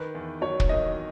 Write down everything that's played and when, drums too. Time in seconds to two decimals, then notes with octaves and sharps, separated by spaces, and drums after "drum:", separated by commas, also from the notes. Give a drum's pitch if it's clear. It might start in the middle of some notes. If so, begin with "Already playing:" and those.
Already playing: D#3 B4
0.15 E2
0.41 F#3 C#5
0.60 drum: kick
0.69 D#3 D#5